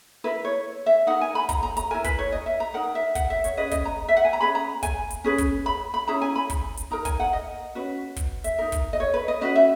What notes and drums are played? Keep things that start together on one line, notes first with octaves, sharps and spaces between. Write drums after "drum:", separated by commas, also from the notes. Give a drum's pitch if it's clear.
E4 A#4 B4
C#5
E5
D#4 A#4 F#5
G#5
B5
A#5, drum: kick, hi-hat
A#5
A#5, drum: hi-hat
E4 A#4 G#5
B4, drum: kick, hi-hat
C#5
D#5
E5
A#5
D#4 A#4 F#5
E5
F#5, drum: kick, hi-hat
E5
C#5, drum: hi-hat
C#4 G#4 B4 D#5
D#5, drum: kick, hi-hat
A#5
E5
F#5
G#5
A#5
C#4 G#4 B4 B5
A#5
G#5, drum: kick, hi-hat
drum: hi-hat
C#4 G#4 B4
drum: kick, hi-hat
B5
B5
C#4 E4 G#4 A#5
G#5
B5
drum: kick, hi-hat
drum: hi-hat
D#4 A#4 A#5
G#5, drum: kick, hi-hat
F#5
D#5
C#4 F#4 B4
drum: kick, hi-hat
E5, drum: hi-hat
D#4 A#4
drum: kick, hi-hat
D#5
C#5
B4
D#5
C#4 F#4 B4 D#5
E5